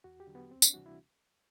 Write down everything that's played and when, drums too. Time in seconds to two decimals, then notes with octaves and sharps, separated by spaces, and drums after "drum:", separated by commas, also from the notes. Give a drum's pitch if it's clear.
0.04 E2 F#4
0.20 G4
0.27 D3 F#3
0.35 B3
0.51 D2 C4
0.62 D4, drum: tambourine
0.74 C3 E3 G3 F#4
0.86 E4